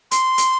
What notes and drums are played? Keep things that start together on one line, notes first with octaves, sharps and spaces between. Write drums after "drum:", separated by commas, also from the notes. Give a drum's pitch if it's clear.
C6, drum: hi-hat
drum: hi-hat